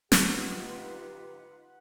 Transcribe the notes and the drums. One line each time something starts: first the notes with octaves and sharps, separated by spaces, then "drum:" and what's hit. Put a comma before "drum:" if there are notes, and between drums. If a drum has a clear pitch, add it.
D2 D#4 F4 G4 B4 F#5, drum: snare